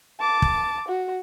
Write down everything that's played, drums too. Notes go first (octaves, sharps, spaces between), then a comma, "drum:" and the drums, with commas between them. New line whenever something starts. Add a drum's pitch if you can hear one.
A5 D6
drum: kick
F#4